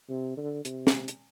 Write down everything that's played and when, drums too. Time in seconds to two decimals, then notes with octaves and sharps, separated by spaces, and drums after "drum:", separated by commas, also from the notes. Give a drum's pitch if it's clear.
0.09 C3
0.37 D3
0.65 C3, drum: hi-hat
0.87 drum: snare
1.08 drum: hi-hat